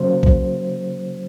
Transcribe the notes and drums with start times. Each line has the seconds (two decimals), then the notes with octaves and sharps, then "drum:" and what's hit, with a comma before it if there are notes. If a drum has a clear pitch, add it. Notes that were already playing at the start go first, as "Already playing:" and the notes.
Already playing: C#3 F#3 A#3 C5
0.23 drum: kick B1